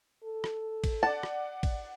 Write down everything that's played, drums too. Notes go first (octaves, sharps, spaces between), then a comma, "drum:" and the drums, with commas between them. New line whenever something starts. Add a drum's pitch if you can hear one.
A4
drum: rim click
drum: kick A1, cymbal
D5 F#5 A5
drum: rim click
drum: kick A1, cymbal